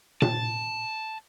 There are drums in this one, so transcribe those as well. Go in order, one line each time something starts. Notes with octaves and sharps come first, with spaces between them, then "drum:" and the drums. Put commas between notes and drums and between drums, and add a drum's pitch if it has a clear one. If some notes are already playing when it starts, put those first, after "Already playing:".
A5, drum: tom A#2